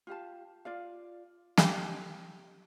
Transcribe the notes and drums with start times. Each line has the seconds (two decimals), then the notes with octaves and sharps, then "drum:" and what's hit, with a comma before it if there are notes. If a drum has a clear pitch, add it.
0.07 F4 G4 F5 A5
0.65 F4 D5 F5
1.58 G4, drum: snare